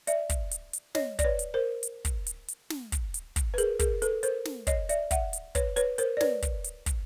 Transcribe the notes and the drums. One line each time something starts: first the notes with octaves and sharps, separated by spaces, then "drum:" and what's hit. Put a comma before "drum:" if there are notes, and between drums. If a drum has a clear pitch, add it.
D5 E5, drum: hi-hat
drum: kick, hi-hat
drum: hi-hat
drum: hi-hat
C#5 D#5, drum: snare
D5, drum: kick, hi-hat
B4 C#5
drum: hi-hat
A#4 C5
drum: hi-hat
drum: kick, hi-hat
drum: hi-hat
drum: hi-hat
drum: snare
drum: kick, hi-hat
drum: hi-hat
drum: kick, hi-hat
B4
G#4 A#4, drum: hi-hat
G#4 A#4, drum: kick, hi-hat
A4 B4, drum: hi-hat
A#4 C5, drum: hi-hat
drum: snare
C#5 D#5, drum: kick, hi-hat
D5 E5, drum: hi-hat
E5 F#5, drum: kick, hi-hat
drum: hi-hat
B4 C#5, drum: kick, hi-hat
B4 C#5, drum: hi-hat
A#4 C5, drum: hi-hat
D5
B4 C#5, drum: snare
drum: kick, hi-hat
drum: hi-hat
drum: kick, hi-hat